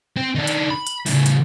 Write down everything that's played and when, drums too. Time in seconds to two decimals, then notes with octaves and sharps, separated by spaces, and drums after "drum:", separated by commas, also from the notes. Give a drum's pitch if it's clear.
0.17 C4
0.35 D#3 D4
0.47 drum: hi-hat
0.71 B5
0.87 drum: hi-hat
1.06 A2 C#3, drum: open hi-hat
1.26 drum: hi-hat